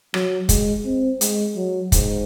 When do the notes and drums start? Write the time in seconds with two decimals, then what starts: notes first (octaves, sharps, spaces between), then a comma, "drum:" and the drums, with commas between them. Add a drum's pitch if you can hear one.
0.14 F#3, drum: rim click
0.49 G#3, drum: kick, hi-hat
0.85 C4
1.21 G#3, drum: hi-hat
1.56 F#3
1.92 G#2, drum: kick, hi-hat